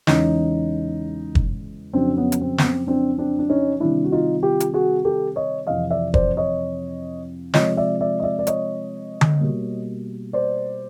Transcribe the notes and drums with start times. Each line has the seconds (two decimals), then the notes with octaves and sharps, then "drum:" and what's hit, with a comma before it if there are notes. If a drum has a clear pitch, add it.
0.07 E2 C#3 E3 G#3 C#4 D#4, drum: snare
1.35 drum: kick
1.93 F2 C#3 F#3 C4 D4
2.17 B3 C#4
2.32 drum: hi-hat
2.41 C4
2.58 B3, drum: snare
2.64 C4
2.87 C4 D4
3.18 C4 D4
3.39 D4
3.49 C#4 D#4
3.80 C3 D#3 G3 D4 E4
4.04 F#4
4.12 D#4 F4
4.43 F4 G4
4.60 drum: hi-hat
4.74 F#4 G#4
5.05 G4 A4
5.36 C#5 D#5
5.67 F2 C3 E3 D#5 F5
5.91 D5 E5
6.14 C5 D5, drum: kick
6.37 C#5 D#5
7.54 C3 F3 G#3 C#5 D#5, drum: snare
7.77 D5 E5
8.01 D5 E5
8.20 D#5
8.24 D5 E5
8.39 D5
8.47 C#5 D#5, drum: hi-hat
9.21 drum: tom D3
9.40 B2 G3 A#3
10.33 C5 D5